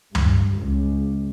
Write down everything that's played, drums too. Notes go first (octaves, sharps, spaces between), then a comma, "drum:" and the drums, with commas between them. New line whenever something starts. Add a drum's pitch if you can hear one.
G2, drum: tom
C#2